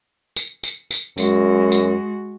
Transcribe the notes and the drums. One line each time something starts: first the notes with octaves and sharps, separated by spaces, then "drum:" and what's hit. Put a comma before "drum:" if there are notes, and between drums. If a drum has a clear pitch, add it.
drum: tambourine
drum: tambourine
drum: tambourine
F#2 G#3 F#4, drum: tambourine
drum: tambourine